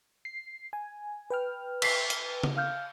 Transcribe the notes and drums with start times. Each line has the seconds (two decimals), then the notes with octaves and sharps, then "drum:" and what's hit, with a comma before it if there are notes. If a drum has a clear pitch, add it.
0.25 C7
0.73 G#5
1.30 B4 G5 F6
1.82 B6 C7, drum: cymbal
2.10 drum: hi-hat
2.43 drum: tom C#3
2.57 F5 F6 G6